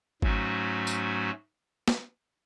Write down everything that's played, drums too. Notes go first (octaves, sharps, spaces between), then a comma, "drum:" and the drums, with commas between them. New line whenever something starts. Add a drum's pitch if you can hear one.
G#2 F#3 A3 C#4 F#4, drum: kick G#1
drum: tambourine
drum: snare